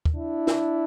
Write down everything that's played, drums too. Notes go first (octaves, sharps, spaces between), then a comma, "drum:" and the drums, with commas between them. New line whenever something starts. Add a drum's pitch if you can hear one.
drum: kick D#2
D4 E4
drum: snare